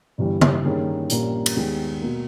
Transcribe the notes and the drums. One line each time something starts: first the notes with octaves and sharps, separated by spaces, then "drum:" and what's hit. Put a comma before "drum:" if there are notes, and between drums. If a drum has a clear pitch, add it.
G1 G2 E3 G3
drum: tom C#3
G2 D#3 A#3 C#4 G#4
A#1 A#2 G3 A#3 C#4, drum: hi-hat
drum: cymbal
D#2 D#3 G#3 B3
B2 A#3